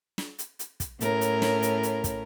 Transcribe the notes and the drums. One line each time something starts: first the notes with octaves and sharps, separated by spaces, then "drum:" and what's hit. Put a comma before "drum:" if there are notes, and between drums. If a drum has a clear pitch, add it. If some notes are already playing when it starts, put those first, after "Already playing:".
drum: snare
drum: hi-hat
drum: hi-hat
drum: kick, hi-hat
A2 C#4 A#4, drum: hi-hat
drum: hi-hat
drum: snare
drum: hi-hat
drum: hi-hat
drum: kick, hi-hat